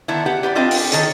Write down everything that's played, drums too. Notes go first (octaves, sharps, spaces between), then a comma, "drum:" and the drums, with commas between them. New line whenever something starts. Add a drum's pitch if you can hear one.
D3 D#3 B3 D4 E4
G4 B4 F#5
G4 B4 D5
C4 D4 F4 B4 D#5 G5
drum: open hi-hat
D#3 A4 C#5 D#5, drum: hi-hat